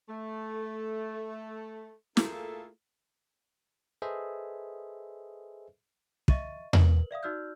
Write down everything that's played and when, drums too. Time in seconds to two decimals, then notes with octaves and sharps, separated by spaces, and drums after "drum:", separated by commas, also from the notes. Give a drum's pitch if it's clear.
0.09 A3
2.17 A3 A#3 E4 F4 G#4 A4, drum: snare
4.02 G#4 A4 B4 C5 D#5 E5
6.28 D#5 E5 C#6 A6 D#7, drum: kick
6.73 A#4 B4 F#7, drum: tom E2
7.11 D5 E5 F5 D#6
7.23 D#4 F#4 D5 E6 F6 G6